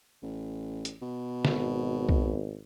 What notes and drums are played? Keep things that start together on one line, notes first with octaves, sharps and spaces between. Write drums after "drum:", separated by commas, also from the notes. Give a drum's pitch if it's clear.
A1
drum: hi-hat
B2
G#1, drum: snare
drum: kick B1